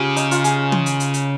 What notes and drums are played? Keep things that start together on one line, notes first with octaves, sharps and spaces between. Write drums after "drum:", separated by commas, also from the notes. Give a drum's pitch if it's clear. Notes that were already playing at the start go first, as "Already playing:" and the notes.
Already playing: C#3 F4 G4
D#4, drum: hi-hat
F4, drum: hi-hat
G#4, drum: hi-hat
drum: tom
drum: hi-hat
drum: hi-hat
drum: hi-hat